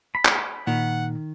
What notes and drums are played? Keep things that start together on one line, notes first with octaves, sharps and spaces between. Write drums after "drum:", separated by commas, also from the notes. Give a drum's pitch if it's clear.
B5
drum: clap
A#2 D#3 F#5